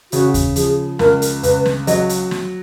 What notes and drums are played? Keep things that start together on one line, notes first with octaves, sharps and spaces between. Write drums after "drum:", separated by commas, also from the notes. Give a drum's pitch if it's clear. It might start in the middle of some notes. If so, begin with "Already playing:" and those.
C#3 F#4, drum: hi-hat
drum: kick D#2, hi-hat
F3 G#4, drum: hi-hat
C#2 A#4, drum: snare
drum: hi-hat
C#2 B4, drum: hi-hat
drum: snare
F#3 D#5, drum: hi-hat
drum: hi-hat
drum: snare